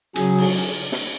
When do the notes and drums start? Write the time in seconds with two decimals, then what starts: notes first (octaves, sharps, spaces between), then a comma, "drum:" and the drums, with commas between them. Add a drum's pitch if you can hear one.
0.15 C#3 F#3 G#4, drum: hi-hat
0.39 drum: cymbal
0.92 drum: snare